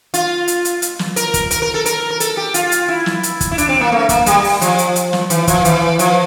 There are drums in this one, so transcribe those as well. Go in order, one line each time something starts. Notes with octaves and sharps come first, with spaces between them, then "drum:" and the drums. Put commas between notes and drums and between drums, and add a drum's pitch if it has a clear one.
F4, drum: hi-hat
drum: hi-hat
drum: hi-hat
drum: hi-hat
drum: snare
A#4, drum: hi-hat
drum: kick, hi-hat
A#4, drum: hi-hat
A#4
A4
A#4, drum: hi-hat
A#4
A4, drum: hi-hat
G4
F4, drum: hi-hat
drum: hi-hat
E4
drum: snare
drum: hi-hat
drum: kick, hi-hat
E4
D4, drum: hi-hat
C4
A#3
A3
A#3, drum: kick, hi-hat
G3, drum: hi-hat
drum: open hi-hat
F3, drum: hi-hat
drum: hi-hat
drum: hi-hat
drum: snare
E3, drum: hi-hat
F3, drum: kick, hi-hat
E3, drum: hi-hat
F3, drum: hi-hat